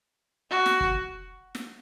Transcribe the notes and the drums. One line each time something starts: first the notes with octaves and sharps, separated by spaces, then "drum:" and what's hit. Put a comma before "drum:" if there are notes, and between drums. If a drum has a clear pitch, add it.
F#4
drum: snare
drum: kick
drum: snare